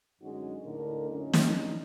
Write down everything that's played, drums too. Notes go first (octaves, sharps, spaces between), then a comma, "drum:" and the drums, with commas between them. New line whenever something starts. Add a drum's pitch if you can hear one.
F#2 D3 G#3 C#4 D#4 F#4
D2 A2 D3 D#4 A#4
F2 A2 D3 F#3 C#4 D#4
drum: snare